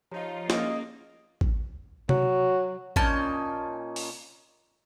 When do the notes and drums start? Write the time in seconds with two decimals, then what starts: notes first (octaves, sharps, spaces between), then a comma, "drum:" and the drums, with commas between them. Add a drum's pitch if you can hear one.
0.11 F3 D#4 F4 G4 C#5 A#5
0.50 A#3 C#4 G#4 D#5 D7, drum: snare
1.41 drum: kick
2.09 F#3, drum: tom C3
2.96 A#2 C#4 D#4 A5, drum: kick
3.96 drum: open hi-hat